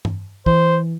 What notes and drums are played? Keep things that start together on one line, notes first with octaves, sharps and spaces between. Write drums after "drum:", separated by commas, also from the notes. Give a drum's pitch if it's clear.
drum: tom G2
E3 C5, drum: kick